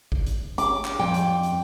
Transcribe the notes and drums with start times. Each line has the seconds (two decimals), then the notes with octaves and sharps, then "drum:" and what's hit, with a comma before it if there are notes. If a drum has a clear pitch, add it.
0.12 drum: kick
0.26 drum: hi-hat
0.58 D6, drum: hi-hat
0.85 drum: clap
0.99 F2 G5
1.14 drum: hi-hat
1.43 drum: hi-hat